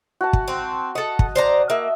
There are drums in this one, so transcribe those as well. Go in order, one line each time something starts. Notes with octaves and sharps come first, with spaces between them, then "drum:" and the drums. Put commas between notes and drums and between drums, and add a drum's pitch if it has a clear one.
F#4 A5
drum: kick
C4
A4 D#5 F#5
drum: kick
C5 D5 A#5
A#3 D#5 E5